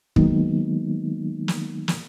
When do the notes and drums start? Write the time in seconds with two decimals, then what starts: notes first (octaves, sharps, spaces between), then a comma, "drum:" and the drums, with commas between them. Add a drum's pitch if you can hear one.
0.16 D#3 F#3 G#3 A#3 B3 D#4, drum: kick
1.48 drum: snare
1.88 drum: snare